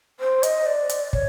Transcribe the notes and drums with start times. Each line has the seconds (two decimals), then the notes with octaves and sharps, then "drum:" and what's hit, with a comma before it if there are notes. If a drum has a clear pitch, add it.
0.20 C5
0.43 D#5, drum: hi-hat
0.66 D5
0.89 drum: hi-hat
1.13 C#5, drum: kick